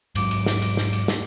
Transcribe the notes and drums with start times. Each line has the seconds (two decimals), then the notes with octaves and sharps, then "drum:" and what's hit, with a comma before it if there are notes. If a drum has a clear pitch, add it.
0.15 G#2 F#3 D6, drum: cymbal
0.31 drum: cymbal
0.46 drum: snare
0.62 drum: cymbal
0.77 drum: snare
0.93 drum: cymbal
1.08 drum: snare